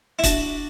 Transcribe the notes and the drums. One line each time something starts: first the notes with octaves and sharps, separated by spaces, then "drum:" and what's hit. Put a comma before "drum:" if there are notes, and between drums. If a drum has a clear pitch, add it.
E4
D4 F#4, drum: kick, hi-hat